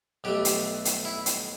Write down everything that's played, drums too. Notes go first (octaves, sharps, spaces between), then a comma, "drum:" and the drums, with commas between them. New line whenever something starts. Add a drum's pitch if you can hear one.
B1 B2 A3 G4
drum: hi-hat
drum: hi-hat
E4
drum: hi-hat